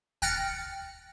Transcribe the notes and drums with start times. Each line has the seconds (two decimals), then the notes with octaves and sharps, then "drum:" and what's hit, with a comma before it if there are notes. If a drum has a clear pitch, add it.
0.22 G5 F6 F#6 A6 A#6 C#7, drum: kick